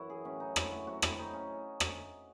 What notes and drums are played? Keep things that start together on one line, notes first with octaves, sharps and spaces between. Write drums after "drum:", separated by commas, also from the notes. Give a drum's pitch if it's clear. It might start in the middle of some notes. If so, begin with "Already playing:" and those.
Already playing: F#2 E3 E4 F#4
G#4
A2 F#3 C#4
D#4
E4, drum: rim click
F#4
C3 F#3 F#4
E4, drum: rim click
D#4
C#4
drum: rim click